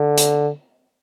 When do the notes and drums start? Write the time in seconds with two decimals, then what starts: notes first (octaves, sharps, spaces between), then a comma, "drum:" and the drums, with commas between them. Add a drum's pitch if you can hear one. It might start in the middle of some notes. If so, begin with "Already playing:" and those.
Already playing: D3
0.18 drum: hi-hat